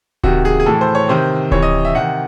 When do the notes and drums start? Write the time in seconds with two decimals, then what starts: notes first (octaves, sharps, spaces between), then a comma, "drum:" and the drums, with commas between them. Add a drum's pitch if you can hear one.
0.23 C3 D#3 F#4, drum: kick D1
0.45 G#4
0.60 G#4
0.66 A2 E3 A4
0.81 C5
0.95 C#5
1.09 C3 D#3 C5
1.51 C3 E3 C#5, drum: kick D1
1.62 D#5
1.85 E5
1.95 C3 D#3 F#5